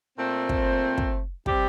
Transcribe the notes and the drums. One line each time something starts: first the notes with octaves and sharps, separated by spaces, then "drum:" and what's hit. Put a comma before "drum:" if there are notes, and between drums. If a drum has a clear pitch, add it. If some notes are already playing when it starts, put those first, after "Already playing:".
A#2 A3 C4
drum: kick
drum: kick
C3 G3 C4 G4, drum: kick